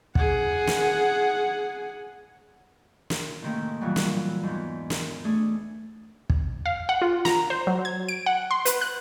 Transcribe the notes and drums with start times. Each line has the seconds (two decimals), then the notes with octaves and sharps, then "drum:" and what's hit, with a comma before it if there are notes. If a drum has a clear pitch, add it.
0.15 G#4 F#5, drum: kick
0.67 drum: snare
3.10 drum: snare
3.42 A2 C3 D#3 A#3 C#4
3.81 F2 A#2 E3 F#3 G3
3.96 drum: snare
4.43 E2 G#2
4.90 drum: snare
5.24 A3 D4 G#4
6.30 drum: kick
6.66 F5
6.89 F#5
7.02 F4
7.25 A#5, drum: snare
7.50 C5
7.67 F#3
7.85 G#6
8.09 D7
8.26 F#5
8.51 C6
8.65 B4, drum: hi-hat
8.81 F#6